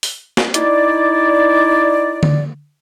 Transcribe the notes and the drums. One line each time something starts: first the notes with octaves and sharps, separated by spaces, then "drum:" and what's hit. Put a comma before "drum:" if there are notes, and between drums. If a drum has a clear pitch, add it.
drum: open hi-hat
drum: snare
D#4 E4 D5, drum: hi-hat
drum: tom D3